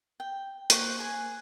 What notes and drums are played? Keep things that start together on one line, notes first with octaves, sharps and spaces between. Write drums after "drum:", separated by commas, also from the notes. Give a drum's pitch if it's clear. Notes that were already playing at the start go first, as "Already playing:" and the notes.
G5
A#3 C5 C#6 F#6, drum: hi-hat
G#4 G#5